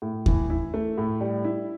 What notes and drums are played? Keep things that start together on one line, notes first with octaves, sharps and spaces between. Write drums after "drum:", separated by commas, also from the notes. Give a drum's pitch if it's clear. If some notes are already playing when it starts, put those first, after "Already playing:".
A2
E3, drum: kick D#2
E4
A3
A2
G3
E4